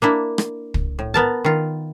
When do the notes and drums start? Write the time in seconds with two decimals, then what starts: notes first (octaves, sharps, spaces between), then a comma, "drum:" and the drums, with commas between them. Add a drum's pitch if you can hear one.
0.02 A#3 D4 E4
0.38 drum: rim click
0.74 drum: kick
0.99 A2
1.14 B3 A#4 A5
1.44 D#3 F4